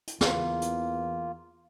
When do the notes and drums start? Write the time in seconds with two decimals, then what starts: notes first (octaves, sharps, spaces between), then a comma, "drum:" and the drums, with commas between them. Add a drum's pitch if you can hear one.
0.07 drum: hi-hat
0.21 E2 A#3 F4, drum: snare
0.62 drum: hi-hat